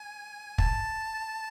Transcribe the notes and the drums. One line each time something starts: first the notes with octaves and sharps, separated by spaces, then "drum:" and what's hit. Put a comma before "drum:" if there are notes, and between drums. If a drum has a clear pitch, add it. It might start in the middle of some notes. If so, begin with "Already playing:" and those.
Already playing: G#5
A5, drum: kick